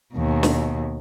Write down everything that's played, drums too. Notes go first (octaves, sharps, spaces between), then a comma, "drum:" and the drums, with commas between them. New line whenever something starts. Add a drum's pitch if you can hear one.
D#2 B2
drum: snare